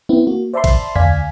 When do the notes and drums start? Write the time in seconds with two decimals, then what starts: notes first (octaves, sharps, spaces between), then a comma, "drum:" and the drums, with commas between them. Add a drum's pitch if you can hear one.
0.09 B3 C4 E4
0.27 A#3 F#4
0.54 C5 D5 E5 A5 B5 C6
0.64 drum: kick A1, cymbal
0.96 D2 D5 F5 G#5 G#6 B6, drum: tom E2